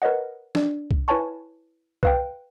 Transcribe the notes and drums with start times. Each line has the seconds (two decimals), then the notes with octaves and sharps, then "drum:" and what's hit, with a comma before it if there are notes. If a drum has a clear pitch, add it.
0.02 A#4 B4 C#5 D#5 F#5
0.55 D4 D5, drum: snare
0.91 drum: kick
1.08 E4 B4 C#5 G#5 A5 C#6
2.03 B4 F5 G5, drum: kick